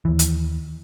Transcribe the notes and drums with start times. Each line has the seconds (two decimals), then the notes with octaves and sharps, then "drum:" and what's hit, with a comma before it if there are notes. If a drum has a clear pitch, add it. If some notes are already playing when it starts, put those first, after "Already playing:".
0.05 D#2 E3
0.19 drum: hi-hat